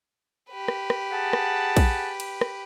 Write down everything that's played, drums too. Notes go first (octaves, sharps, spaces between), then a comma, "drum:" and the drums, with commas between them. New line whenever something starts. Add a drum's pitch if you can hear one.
G4 B4
drum: rim click
drum: rim click
G#4 F#5 A5
drum: rim click
drum: kick A#1, cymbal
drum: cymbal
drum: rim click